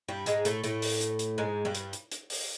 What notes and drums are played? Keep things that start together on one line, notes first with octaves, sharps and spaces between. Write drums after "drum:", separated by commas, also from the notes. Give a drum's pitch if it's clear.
G2 G3
G#2 G#3, drum: hi-hat
A2 A3, drum: hi-hat
A2 A3, drum: hi-hat
drum: open hi-hat
drum: hi-hat
drum: hi-hat
G#2 G#3
G2 G3
drum: hi-hat
drum: hi-hat
drum: hi-hat
drum: open hi-hat